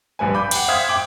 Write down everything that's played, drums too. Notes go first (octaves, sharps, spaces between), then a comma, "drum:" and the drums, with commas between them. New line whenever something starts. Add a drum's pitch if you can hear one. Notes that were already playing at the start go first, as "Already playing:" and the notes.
A#1 G2 B4 G#5
B5 D6 G6
F#5 G5, drum: cymbal
C5 E5 F5 D#6 G#6
G5 D6 F#7